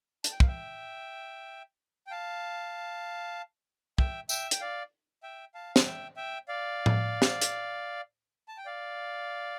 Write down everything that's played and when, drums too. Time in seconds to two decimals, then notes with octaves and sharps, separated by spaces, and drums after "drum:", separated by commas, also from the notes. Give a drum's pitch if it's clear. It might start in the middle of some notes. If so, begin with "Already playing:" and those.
0.24 A5, drum: hi-hat
0.32 G5
0.40 F5, drum: kick
0.48 E5 G5
2.07 G5
2.11 F5 A5
3.98 E5 G5, drum: kick
4.29 E5 G5, drum: tambourine
4.51 G5, drum: hi-hat
4.60 D5 F5
5.23 E5 G5
5.54 F5 A5
5.76 A5, drum: snare
5.85 E5 G5
6.16 E5 G5
6.48 D5 F5
6.86 drum: tom A2
7.22 drum: snare
7.41 drum: hi-hat
8.48 A5
8.57 G5
8.66 D5 F5